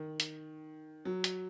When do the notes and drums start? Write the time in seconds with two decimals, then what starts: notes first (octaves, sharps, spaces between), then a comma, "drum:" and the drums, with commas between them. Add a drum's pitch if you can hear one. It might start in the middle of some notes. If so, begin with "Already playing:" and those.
Already playing: D#3
0.20 drum: hi-hat
1.05 F#3
1.24 drum: hi-hat